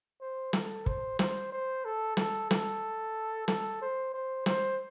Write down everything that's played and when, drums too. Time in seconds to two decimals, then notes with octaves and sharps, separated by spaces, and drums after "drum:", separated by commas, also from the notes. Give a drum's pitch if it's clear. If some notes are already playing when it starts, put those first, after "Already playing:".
0.21 C5
0.53 A4, drum: snare
0.86 C5, drum: kick
1.19 C5, drum: snare
1.52 C5
1.85 A4
2.17 A4, drum: snare
2.51 A4, drum: snare
3.48 A4, drum: snare
3.82 C5
4.14 C5
4.46 C5, drum: snare